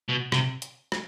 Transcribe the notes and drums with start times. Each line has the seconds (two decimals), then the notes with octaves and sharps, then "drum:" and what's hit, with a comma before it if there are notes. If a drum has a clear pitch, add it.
0.09 B2
0.32 C3, drum: rim click
0.62 drum: hi-hat
0.92 drum: rim click